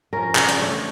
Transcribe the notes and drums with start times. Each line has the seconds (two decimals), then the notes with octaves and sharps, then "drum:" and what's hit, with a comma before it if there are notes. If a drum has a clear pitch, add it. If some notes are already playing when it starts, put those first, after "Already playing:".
0.13 F3 C#4 A#4
0.35 C#3 C#5, drum: clap
0.49 D5, drum: hi-hat
0.59 E3 A3 D4 C#5